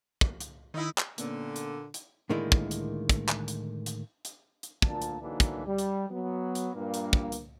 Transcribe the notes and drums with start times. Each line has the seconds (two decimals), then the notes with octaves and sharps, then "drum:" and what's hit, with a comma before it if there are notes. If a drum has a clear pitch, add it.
0.21 drum: kick
0.40 drum: hi-hat
0.74 D#3 D#4 E4
0.98 drum: clap
1.18 A#2 D3 A#3 B3 C#4, drum: hi-hat
1.56 drum: hi-hat
1.94 drum: hi-hat
2.30 A2 D3 D#3 G#3 A#3 E4
2.52 drum: kick
2.71 drum: hi-hat
3.09 drum: kick, hi-hat
3.29 drum: clap
3.48 drum: hi-hat
3.86 drum: hi-hat
4.25 drum: hi-hat
4.63 drum: hi-hat
4.82 D2 A#2 A5, drum: kick
5.02 drum: hi-hat
5.20 D3 E3 F#3 A#3 D4 D#4
5.40 drum: kick, hi-hat
5.66 G3
5.78 drum: hi-hat
6.10 F#3 B3
6.55 drum: hi-hat
6.74 G2 A#2 A#3
6.94 drum: hi-hat
7.13 drum: kick
7.32 drum: hi-hat